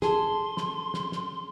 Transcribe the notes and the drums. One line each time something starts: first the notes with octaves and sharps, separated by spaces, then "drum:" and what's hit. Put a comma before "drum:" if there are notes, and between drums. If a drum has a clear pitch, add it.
G#4 A4 C6, drum: snare
drum: snare
drum: snare
drum: snare